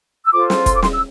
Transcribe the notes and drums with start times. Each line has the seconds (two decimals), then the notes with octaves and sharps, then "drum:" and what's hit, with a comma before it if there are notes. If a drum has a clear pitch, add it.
0.25 E6
0.33 F4 A4 C5 D6
0.50 drum: snare
0.66 C6, drum: kick, hi-hat
0.74 D6
0.82 C6, drum: snare
0.94 E6